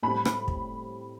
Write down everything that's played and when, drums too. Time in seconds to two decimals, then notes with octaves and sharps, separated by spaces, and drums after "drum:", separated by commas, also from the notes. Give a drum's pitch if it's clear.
0.03 A2 G3 C4 B5
0.25 drum: rim click
0.48 drum: kick